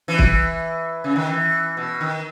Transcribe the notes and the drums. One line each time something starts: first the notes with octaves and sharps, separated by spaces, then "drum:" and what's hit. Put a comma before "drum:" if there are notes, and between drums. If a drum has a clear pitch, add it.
E3
drum: kick
C#3
D#3
E3
B2
D#3